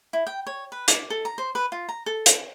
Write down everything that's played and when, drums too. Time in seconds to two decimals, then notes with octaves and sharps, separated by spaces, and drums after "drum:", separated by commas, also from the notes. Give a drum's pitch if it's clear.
0.13 E4
0.27 G5
0.47 C#5
0.72 B4
0.88 D6, drum: hi-hat
1.10 A4
1.25 A#5
1.38 C5
1.55 B4
1.72 F4
1.89 A#5
2.06 A4
2.26 drum: hi-hat